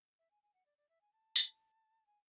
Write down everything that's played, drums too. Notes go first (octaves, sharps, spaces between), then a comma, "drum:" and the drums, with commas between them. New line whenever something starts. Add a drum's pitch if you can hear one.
E5
G#5
G#5
F#5
D5
D5
E5
G#5
A5
drum: tambourine
G#5